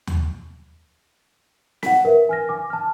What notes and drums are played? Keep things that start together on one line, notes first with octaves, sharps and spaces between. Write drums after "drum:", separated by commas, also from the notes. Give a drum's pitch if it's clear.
drum: tom D#2
F#5 B6, drum: snare
A#4 B4 E5
G#5 F6 A#6
G#5 D6
A5 F6